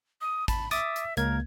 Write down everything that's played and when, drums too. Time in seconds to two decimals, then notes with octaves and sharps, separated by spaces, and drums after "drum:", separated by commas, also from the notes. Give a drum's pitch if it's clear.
0.21 D#6
0.48 A5 B5, drum: kick, hi-hat
0.71 E5 D6 D#6 A6, drum: hi-hat
0.96 drum: hi-hat
1.17 C#2 A#3 A#4 G#6, drum: hi-hat